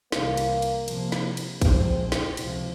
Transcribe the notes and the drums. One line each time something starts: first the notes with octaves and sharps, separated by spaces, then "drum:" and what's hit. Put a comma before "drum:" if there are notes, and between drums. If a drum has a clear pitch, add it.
C2 C3 E3 A#3, drum: snare
drum: cymbal
drum: cymbal
C3 F3 A#3, drum: cymbal
drum: snare
drum: cymbal
A#2 F3 G#3 C4, drum: kick, cymbal
drum: snare
C#2 C3 F3, drum: cymbal